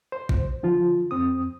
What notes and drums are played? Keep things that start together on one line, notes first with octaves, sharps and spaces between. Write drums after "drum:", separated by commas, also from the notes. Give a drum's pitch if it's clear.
C5
drum: kick A1
D3 F3 F4
F2 C4 D#6